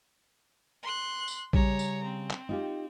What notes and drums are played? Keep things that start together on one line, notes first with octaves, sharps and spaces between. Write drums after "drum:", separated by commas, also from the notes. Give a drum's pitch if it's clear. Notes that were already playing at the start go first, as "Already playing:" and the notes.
C6 F#6
drum: tambourine
C#3 G3 C#5 A#5, drum: kick A#1
drum: tambourine
C4
drum: clap
D#4 F4 G4